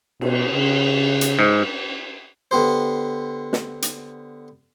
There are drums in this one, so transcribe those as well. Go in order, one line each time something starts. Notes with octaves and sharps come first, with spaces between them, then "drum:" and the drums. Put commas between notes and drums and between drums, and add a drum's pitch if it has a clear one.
B2, drum: cymbal
C#3
drum: hi-hat
G#2
D3 B3 G4 C5
drum: snare
drum: hi-hat